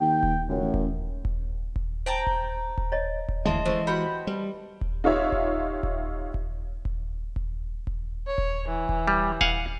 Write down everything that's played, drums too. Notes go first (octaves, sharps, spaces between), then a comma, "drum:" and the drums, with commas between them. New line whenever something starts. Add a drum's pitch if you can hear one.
D#2 G5
drum: kick D#1
C#2 F#2
A1
drum: kick D#1
drum: kick D#1
drum: kick D#1
C5 G5 A5 A#5
drum: kick D#1
drum: kick D#1
C#5 D#5
drum: kick D#1
D2 E3 G#3 D#5 E5 A5 C6
E3 F#3 G#3 A3 C5
F#4 G4 B4 F#5 B5
G3 B4
drum: kick D#1
D#4 F4 G4 C#5 E5
drum: kick D#1
drum: kick D#1
drum: kick D#1
drum: kick D#1
drum: kick D#1
drum: kick D#1
C#5
drum: kick D#1
E3
drum: kick D#1
G3
F5 F#5 G#5, drum: kick D#1